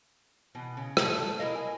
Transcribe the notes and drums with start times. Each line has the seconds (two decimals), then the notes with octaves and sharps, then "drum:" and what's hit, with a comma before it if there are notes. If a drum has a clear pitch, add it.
0.55 B2 E3
0.77 C#3
0.97 A3 A4, drum: rim click
1.39 E4 G#4 A#4 D#5 F5
1.55 G#5